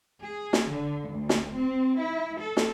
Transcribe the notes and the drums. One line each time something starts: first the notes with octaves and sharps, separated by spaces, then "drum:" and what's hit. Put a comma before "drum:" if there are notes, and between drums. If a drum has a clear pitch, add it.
G#4
drum: snare
D3
D2
drum: snare
C4
E4
A4
drum: snare